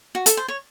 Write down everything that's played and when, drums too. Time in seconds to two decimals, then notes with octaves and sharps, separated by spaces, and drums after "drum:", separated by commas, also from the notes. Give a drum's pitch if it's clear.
0.15 F#4
0.26 A4, drum: hi-hat
0.37 C5
0.48 C#5